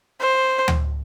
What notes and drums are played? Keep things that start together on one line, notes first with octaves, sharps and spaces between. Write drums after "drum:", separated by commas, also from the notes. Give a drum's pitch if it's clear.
C5
drum: tom D2